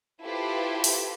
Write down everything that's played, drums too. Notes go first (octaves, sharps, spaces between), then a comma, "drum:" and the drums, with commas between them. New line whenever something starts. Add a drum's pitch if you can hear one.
E4 F4 G4 A4 B4 C5
drum: open hi-hat